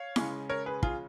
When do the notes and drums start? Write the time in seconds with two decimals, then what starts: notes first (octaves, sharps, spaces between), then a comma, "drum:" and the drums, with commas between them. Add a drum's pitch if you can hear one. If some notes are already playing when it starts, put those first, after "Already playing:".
Already playing: C#5 F5
0.16 C#3 G#3 C#4, drum: snare E4
0.49 A#4 C#5
0.66 G#4 B4
0.83 F4 G#4, drum: kick